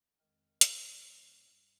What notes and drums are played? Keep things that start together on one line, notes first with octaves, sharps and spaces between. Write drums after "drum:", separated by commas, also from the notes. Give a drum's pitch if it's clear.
F2 D#3 G#3 C4 A#4
F2 C3 D#3 G#3 C#4 C5, drum: hi-hat
A#2 G3 A#3 C#4 C#5
G2 G3